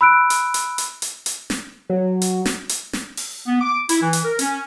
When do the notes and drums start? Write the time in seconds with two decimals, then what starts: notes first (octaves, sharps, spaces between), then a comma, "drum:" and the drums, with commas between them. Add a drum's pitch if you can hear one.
0.01 B5 E6 F#6 D7
0.30 drum: hi-hat
0.54 drum: hi-hat
0.78 drum: hi-hat
1.02 drum: hi-hat
1.26 drum: hi-hat
1.50 drum: snare
1.89 F#3
2.22 drum: hi-hat
2.45 drum: snare
2.69 drum: hi-hat
2.93 drum: snare
3.17 drum: open hi-hat
3.47 B3
3.61 D6
3.89 E4, drum: hi-hat
4.02 E3
4.13 drum: hi-hat
4.24 A#4
4.39 C#4, drum: hi-hat